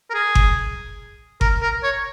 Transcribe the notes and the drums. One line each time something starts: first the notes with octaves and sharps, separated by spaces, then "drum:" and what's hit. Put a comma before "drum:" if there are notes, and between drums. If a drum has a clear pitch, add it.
A#4
G#4
drum: kick G1
A#4, drum: kick G1
A#4
C#5